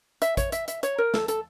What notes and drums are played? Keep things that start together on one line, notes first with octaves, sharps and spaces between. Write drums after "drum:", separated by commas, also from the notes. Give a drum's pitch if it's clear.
E5, drum: hi-hat
C#5, drum: kick A1, hi-hat
E5, drum: hi-hat
E5, drum: hi-hat
C#5, drum: hi-hat
A#4
A4, drum: snare
A4, drum: hi-hat